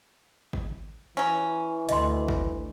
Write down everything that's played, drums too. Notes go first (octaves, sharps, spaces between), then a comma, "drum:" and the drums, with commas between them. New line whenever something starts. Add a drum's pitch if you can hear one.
drum: kick
E3 F#3 C#4
D2 D#5 C6, drum: hi-hat
drum: kick